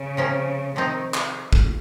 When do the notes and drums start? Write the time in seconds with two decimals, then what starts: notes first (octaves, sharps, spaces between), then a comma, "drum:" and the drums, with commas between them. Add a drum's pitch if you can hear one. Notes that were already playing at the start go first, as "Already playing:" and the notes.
Already playing: C#3
0.17 C3 F3 A#3 C#4
0.76 C3 D#3 F3 C4 D#4
1.14 drum: clap
1.53 drum: kick